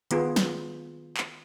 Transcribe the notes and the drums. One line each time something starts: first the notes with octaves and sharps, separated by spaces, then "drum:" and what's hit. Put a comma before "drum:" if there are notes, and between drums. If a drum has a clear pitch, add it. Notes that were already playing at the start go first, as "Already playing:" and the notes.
D#3 B3 F4 G#4, drum: hi-hat
drum: snare
drum: clap